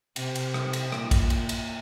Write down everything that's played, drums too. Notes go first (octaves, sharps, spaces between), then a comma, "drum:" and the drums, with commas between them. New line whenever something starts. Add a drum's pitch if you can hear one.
C3, drum: cymbal
drum: cymbal
drum: rim click
drum: cymbal
A#2, drum: rim click
drum: kick A1, cymbal
drum: cymbal
drum: cymbal